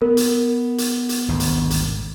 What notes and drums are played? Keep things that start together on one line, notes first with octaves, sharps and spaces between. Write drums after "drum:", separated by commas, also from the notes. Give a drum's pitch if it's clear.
B3 A#4
drum: hi-hat
drum: hi-hat
drum: hi-hat
G#1 D2 B2
drum: hi-hat
drum: hi-hat